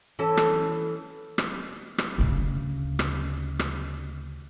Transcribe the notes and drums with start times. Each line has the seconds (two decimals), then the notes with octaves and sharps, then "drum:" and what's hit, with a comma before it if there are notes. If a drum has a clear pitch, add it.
0.19 E3 C#4 A4
0.37 drum: rim click
1.38 drum: rim click
1.98 drum: rim click
2.19 D2 C#3
2.99 drum: rim click
3.59 drum: rim click